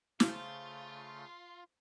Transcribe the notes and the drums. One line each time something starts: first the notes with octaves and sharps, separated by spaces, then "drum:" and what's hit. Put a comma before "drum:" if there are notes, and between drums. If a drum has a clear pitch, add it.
C#3 A3 F4 C5 F5, drum: snare